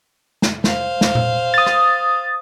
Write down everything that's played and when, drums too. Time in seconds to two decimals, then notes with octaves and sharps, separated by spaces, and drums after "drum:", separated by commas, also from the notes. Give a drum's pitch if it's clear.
0.42 drum: snare
0.64 C5 F5, drum: snare
1.01 drum: snare
1.15 drum: tom A#2
1.54 D#6 A6
1.66 drum: rim click